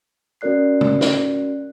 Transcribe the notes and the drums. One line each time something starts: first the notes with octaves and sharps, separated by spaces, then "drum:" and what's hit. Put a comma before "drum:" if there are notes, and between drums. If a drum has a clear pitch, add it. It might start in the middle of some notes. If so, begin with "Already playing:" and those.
C#4 F#4 A#4 D5 F#6 C7
drum: tom
drum: snare